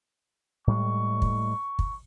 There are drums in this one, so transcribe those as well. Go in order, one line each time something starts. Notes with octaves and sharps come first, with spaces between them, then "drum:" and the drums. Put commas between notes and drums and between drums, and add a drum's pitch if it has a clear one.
A2 G3 G#3 C#6
drum: kick
drum: kick